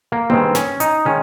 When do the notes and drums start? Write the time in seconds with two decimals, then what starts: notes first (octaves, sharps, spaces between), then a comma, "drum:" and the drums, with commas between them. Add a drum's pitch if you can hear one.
0.12 A#3
0.30 G2 D#3 G#3 C4, drum: tom A#3
0.55 C#4, drum: snare
0.80 D#4, drum: hi-hat
1.05 D#3 G#3 C#4